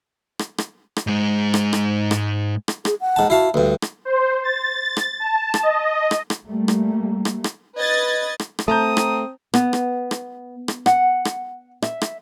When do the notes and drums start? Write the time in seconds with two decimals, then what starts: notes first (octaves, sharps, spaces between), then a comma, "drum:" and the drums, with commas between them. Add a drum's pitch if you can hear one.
0.39 drum: rim click
0.58 drum: rim click
0.96 drum: rim click
1.07 G#2 G#3
1.54 drum: rim click
1.73 drum: rim click
2.11 drum: rim click
2.68 drum: rim click
2.85 G#4, drum: rim click
3.01 F#5
3.16 G#2 A5
3.30 E4 F#4 F5 A5
3.54 D2 G2 B4
3.82 drum: rim click
4.05 C5
4.44 A6
4.97 drum: rim click
5.20 A5
5.54 drum: rim click
5.63 D#5
6.11 drum: rim click
6.30 drum: rim click
6.46 G3 A3 A#3
6.68 drum: rim click
7.25 drum: rim click
7.44 drum: rim click
7.77 B4 D#5 G#6 A6
8.40 drum: rim click
8.59 drum: rim click
8.68 A3 C4 A5 A#5 D#6 G6
8.97 drum: rim click
9.54 B3, drum: rim click
9.73 drum: rim click
10.11 drum: rim click
10.68 drum: rim click
10.86 F#5, drum: rim click
11.25 drum: rim click
11.82 E5, drum: rim click
12.02 drum: rim click